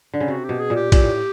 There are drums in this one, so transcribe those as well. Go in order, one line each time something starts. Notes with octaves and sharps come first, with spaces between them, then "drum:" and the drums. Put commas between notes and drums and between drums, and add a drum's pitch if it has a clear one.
D3
C#3
C3 F#4
B2 G4
G#4
A#2
G4
A#2, drum: kick A#1, cymbal
A2